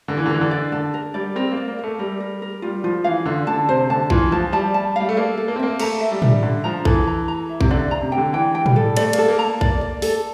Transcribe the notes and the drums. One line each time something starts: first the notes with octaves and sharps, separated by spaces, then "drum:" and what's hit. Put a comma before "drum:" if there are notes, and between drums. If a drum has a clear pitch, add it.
D3 A#4
E3
D3
E3 A#4
D3
D5
D3 A5
A#4
G3 D5
C4 A#4
A#3
D5
A#3
A3 A#4
G3 A#4
A#4
A#4
G3 F4
F3 F4
E3 F5
D3 F4
D3 A5
C3 C5
D3 A5
E3 F4, drum: kick A#1
F3 A5
G3 A5
A5
G3 F5
A3
A#3 A4
A4
A#3
C4
A#3 E5
A3 A#5, drum: cymbal
E5
G3
D4, drum: tom A2
D3 D4
F3 A#5
E3 A4, drum: kick A#1
A#5
A#5
E5
C3, drum: kick A#1
D3 D5
A#5
C3
C3 G5
D3
E3 G5
G5
G3, drum: tom A2
A4
A3 D5, drum: cymbal
A#3, drum: cymbal
A4
A#3
A#5
A#3
D5, drum: kick A#1
D5
A4, drum: open hi-hat